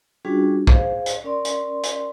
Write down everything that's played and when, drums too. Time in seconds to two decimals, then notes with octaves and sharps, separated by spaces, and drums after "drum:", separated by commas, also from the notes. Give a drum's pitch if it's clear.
0.25 G3 C#4 D4 F4 F#4 G#4
0.67 G#4 C5 F5, drum: kick
1.06 drum: hi-hat
1.24 C#4 A#4 D5 C6
1.45 drum: hi-hat
1.83 drum: hi-hat